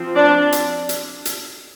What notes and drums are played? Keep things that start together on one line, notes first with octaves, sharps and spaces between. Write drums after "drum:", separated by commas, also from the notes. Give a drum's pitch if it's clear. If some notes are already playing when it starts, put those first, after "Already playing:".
Already playing: F3 C4
D4 D5
drum: hi-hat
drum: hi-hat
drum: hi-hat